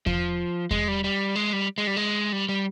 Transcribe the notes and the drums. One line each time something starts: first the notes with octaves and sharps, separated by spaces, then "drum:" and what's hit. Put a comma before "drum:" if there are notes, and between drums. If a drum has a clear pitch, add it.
F3, drum: kick E2
G#3, drum: kick E2
G3
G3
G#3
G3
G#3
G3
G#3
G3
G3